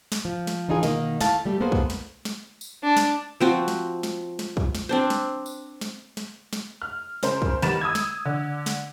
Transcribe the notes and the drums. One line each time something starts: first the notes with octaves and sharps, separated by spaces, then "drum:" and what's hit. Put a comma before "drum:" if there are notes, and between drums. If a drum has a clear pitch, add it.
drum: snare
F3
drum: snare
E3 D4 D#4 F4 G#4
B2 D#3 A#3 D#5, drum: snare
A3 E4 F5 A5, drum: snare
G3 A3 G4
A#3 B3 G#4 A4 C5
drum: kick
drum: snare
drum: snare
drum: tambourine
D4
drum: snare
F3 C4 F#4
drum: snare
drum: snare
drum: snare
drum: kick
drum: snare
C4 D4 C5
drum: snare
drum: tambourine
drum: snare
drum: snare
drum: snare
F6
C#3 A#4 C5, drum: snare
drum: kick
D#3 G3 B3 B5 A6 E7, drum: snare
D#6 E6 G#6
drum: snare
D3
drum: snare